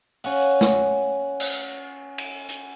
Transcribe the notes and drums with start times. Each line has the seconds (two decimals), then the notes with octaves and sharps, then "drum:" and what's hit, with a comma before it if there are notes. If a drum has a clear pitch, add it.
0.24 C#4 F5 F#5, drum: open hi-hat
0.61 drum: snare
1.40 drum: cymbal
2.18 drum: cymbal
2.49 drum: hi-hat